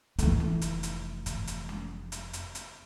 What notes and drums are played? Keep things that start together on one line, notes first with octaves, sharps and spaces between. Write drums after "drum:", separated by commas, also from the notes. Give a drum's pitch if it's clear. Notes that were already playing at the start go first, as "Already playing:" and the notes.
F1 E3 A3, drum: hi-hat
drum: snare
drum: hi-hat
drum: hi-hat
drum: kick, hi-hat
drum: hi-hat
drum: snare
drum: hi-hat
drum: hi-hat
drum: hi-hat